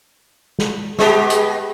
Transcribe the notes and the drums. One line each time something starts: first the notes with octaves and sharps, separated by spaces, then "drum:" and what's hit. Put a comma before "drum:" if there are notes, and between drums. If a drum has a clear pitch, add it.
drum: snare
G#3 B3 G4, drum: snare
drum: hi-hat